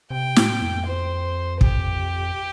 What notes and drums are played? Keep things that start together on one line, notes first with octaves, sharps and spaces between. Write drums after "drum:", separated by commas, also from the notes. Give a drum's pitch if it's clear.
C3 G5
A2, drum: snare
F2
C5
G4, drum: kick